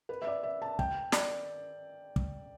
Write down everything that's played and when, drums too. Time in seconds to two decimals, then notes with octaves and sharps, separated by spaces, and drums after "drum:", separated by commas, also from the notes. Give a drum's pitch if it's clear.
0.09 B4
0.22 E5
0.27 D5
0.43 E5
0.62 A5
0.79 G5, drum: kick
1.12 D5, drum: snare
2.16 drum: kick